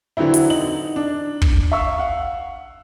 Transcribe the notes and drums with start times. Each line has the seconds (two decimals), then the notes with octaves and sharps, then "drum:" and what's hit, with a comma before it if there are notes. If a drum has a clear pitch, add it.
0.17 D3 E3 F#3 C4 E4
0.34 drum: hi-hat
0.50 D#4 F#7
0.96 D4
1.42 drum: kick
1.72 E5 F5 C#6 E6
1.98 F5 F#5